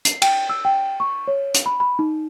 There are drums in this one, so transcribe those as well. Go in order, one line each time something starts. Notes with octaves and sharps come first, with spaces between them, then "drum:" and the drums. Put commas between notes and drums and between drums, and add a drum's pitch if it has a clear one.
C7, drum: hi-hat
G5, drum: cymbal
E6
G5
C#6
C#5
drum: hi-hat
B5
B5
D#4